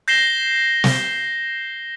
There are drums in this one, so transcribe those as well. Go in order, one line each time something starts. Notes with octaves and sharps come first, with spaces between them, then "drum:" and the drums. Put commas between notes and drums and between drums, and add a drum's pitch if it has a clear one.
G6 A#6 C7 E7 G7
drum: snare